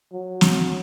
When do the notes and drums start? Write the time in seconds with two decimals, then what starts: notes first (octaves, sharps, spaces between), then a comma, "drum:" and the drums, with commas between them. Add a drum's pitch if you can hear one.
0.12 F#3
0.41 drum: snare